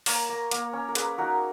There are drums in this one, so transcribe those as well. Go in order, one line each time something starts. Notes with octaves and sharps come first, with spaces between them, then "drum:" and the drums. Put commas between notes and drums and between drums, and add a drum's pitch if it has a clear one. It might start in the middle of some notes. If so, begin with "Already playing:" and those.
A#3 A#4 C#5, drum: open hi-hat
A#3
A#3, drum: hi-hat
C#4
A#4
A#3 G#4 B4, drum: hi-hat
D#4 F#4 A#4